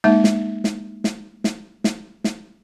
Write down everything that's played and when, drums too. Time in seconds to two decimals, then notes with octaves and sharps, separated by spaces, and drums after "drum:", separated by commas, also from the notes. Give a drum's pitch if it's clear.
0.04 G#3 A#3 D#4 E5
0.24 drum: snare
0.64 drum: snare
1.04 drum: snare
1.44 drum: snare
1.84 drum: snare
2.24 drum: snare